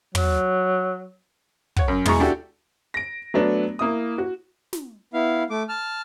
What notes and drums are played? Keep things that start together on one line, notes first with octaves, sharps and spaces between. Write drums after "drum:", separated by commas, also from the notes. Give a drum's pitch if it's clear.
F#3, drum: tom
C#5 F#5, drum: kick
F#2
B2 G#3 E4 G#4 A#5 C#6, drum: tom
D4 E4 F#4 G4 A4
A#6 D7
F#3 A3 B3 D4
A#3 E4 D#6
F#4
drum: snare
B3 E4 F5
A3 D6
A5 F6